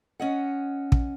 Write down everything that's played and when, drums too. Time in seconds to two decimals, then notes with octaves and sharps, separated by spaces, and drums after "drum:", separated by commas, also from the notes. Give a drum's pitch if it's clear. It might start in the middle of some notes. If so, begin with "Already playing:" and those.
0.20 C#4 D#5 F#5
0.92 drum: kick